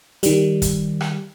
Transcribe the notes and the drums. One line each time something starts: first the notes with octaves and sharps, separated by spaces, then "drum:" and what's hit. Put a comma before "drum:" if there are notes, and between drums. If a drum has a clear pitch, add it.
D#3 G3, drum: hi-hat
drum: kick, hi-hat
drum: rim click